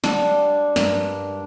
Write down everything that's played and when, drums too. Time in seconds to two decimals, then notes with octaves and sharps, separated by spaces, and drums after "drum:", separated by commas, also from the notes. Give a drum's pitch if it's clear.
0.04 G3 D4 G4 F#5, drum: snare
0.76 G2 A#4, drum: snare